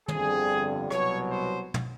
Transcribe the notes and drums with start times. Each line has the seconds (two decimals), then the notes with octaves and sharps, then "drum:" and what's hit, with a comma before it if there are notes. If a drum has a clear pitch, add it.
0.08 G1 F2 D3 G3 C4 G#4, drum: tom
0.90 C2 B2 F#3 B3 C#5, drum: rim click
1.31 C5
1.74 drum: tom